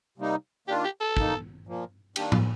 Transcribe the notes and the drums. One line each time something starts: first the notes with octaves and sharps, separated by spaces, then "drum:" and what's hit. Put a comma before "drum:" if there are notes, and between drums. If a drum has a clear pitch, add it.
C3 G3 A#3 D#4
D#3 A#3 D4 F4 G4
G4
A4
D#3 A#3 D#4, drum: kick
A#2 F3 A#3
D#3 G3 A#3 D4 G4, drum: cymbal
F4, drum: tom A2